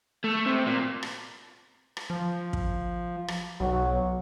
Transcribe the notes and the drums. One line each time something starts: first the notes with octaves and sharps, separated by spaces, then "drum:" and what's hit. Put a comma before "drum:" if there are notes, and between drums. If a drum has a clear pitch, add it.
A3
C3
A#2
drum: rim click
drum: rim click
F3
drum: kick
drum: rim click
B1 F#3